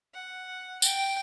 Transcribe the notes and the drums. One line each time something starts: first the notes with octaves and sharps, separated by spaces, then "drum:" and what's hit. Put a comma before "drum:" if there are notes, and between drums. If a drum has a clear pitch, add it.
F#5
G5, drum: tambourine